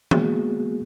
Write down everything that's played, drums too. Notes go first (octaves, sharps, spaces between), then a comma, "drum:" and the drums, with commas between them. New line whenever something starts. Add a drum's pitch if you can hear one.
G#3 A#3 B3 F#4 G#4, drum: tom E3